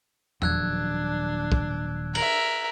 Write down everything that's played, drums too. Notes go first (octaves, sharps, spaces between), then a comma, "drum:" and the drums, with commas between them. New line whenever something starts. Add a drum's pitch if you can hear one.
D#1 F3 F#3 D4 E6 F#6 G#6, drum: tom E2
drum: kick
A#4 E5 F#7, drum: cymbal